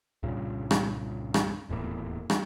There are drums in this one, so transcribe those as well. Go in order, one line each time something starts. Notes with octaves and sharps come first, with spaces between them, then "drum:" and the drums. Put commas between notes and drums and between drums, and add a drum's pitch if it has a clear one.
C2 G2 A#2 C#3
drum: rim click
drum: rim click
D#1 E2 A2 A#3
drum: rim click